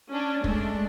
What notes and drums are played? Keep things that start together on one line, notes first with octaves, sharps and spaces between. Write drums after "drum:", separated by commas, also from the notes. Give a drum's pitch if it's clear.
C#4 D4
G#3 A3 D4, drum: kick